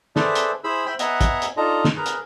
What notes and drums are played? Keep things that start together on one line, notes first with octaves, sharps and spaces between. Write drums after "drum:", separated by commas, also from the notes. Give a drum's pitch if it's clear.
G#4 A4 B4 C5 D5 E5, drum: snare
drum: hi-hat
E4 G#4 C5 B5 E6
C5 E5 G5 B5 C6
B3 D#5 E5 F#5 G#5 A#5, drum: hi-hat
drum: kick, hi-hat
drum: hi-hat
D4 D#4 F4 A4 D#5 A#5
drum: snare
G#4 A#4 B4 A#5
drum: hi-hat